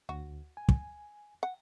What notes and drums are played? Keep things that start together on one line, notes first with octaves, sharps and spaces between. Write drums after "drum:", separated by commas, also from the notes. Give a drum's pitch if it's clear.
D2 F#4
G#5
drum: kick
F#5